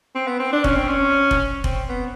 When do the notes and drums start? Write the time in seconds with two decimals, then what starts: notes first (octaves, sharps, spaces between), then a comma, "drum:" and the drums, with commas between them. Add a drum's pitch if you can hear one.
0.15 C4
0.27 B3
0.39 C4
0.52 D4
0.64 C#4, drum: kick F1
0.76 C4
0.88 C#4
1.31 drum: kick F1
1.64 C4, drum: kick F1
1.89 B3